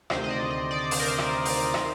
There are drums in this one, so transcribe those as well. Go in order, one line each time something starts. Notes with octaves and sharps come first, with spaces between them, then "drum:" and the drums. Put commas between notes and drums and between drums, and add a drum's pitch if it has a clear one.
D2 C3 D#3 C5, drum: rim click
D#5
D5
D#5
D5
C5, drum: open hi-hat
A#4
C5
drum: rim click
drum: open hi-hat
D#3, drum: rim click